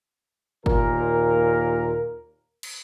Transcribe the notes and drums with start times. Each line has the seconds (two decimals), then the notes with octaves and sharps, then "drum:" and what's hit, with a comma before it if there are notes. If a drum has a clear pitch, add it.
0.66 D#2 A#2 A#4, drum: kick G1
2.63 drum: cymbal